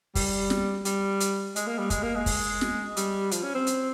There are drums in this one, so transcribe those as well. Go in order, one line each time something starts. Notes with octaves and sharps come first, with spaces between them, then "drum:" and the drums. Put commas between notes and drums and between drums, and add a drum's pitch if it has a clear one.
G3, drum: kick, open hi-hat
drum: snare
G3, drum: hi-hat
drum: hi-hat
G#3, drum: hi-hat
A#3
G3
G#3, drum: kick, hi-hat
A#3
G#3
drum: kick, open hi-hat
drum: snare
G3, drum: hi-hat
F3, drum: hi-hat
C#4
C4
drum: hi-hat